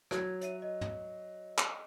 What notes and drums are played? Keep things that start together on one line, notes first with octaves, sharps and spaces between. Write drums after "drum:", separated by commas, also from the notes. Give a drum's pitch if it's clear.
F#3 G#6, drum: rim click
C#5 E5 D#7, drum: hi-hat
D#5
drum: tom
drum: clap